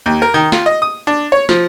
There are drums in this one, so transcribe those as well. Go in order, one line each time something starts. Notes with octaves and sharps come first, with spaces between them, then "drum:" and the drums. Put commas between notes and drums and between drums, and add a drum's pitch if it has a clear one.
D#2
A#4
D#3
F4, drum: snare
D#5
D#6
D4
C#5
F3, drum: snare